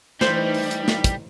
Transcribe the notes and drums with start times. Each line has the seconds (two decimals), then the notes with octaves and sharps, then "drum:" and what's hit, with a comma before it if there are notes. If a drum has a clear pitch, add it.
0.21 E3 G3 A3 D#4 C5, drum: snare
0.54 drum: open hi-hat
0.71 drum: hi-hat
0.88 drum: snare
1.04 drum: kick, hi-hat